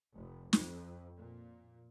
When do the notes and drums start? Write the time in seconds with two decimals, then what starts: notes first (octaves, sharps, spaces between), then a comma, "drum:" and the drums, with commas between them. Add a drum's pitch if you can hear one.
0.14 F1
0.53 F2, drum: snare
1.17 A#2